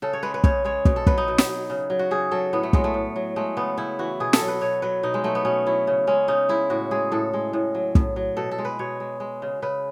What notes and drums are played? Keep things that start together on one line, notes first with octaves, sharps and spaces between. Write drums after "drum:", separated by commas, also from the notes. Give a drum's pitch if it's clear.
C#3 A4
C#5
G#3 B4
B4
C#3 C#5, drum: kick
G#3 C#5
B2, drum: kick
A4
F#3 B4, drum: kick
D#4
B2
drum: snare
F#3
C#3
F#3
F#4
C#3 G#4
F#3 A4
A2 B3
A3
F#3 G#3, drum: kick
A3
A2
F#3
G#3 A3
C#3 B3
C#3 E4
E3 F#4
B2 G#4
A4, drum: snare
F#3
B4
B2 C#5
F#3 B4
B2 D#4
G#3
F#3 A3
B3
B2 C#4
F#3 E4
C#3
G#3 C#4
C#3 D#4
G#3 E4
A2 F#4
G#3 G#4
A2 A4
G#3
A2
F#3
A2, drum: kick
F#3
B2 A4
A4
G#3
B4
B2 C#5
G#3
G#3
C#3
C#3 B4